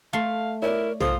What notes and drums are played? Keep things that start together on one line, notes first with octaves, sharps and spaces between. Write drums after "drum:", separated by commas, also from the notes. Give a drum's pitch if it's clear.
A3 F5 C6
E4 A#4 C#5 D5
F4 A4 C5 D#6, drum: tom